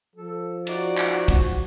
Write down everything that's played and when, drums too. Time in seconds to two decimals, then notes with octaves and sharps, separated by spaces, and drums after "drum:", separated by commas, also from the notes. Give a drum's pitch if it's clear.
0.16 F3 A4
0.67 D#4 F#4 D5, drum: cymbal
0.98 drum: clap
1.28 drum: kick, cymbal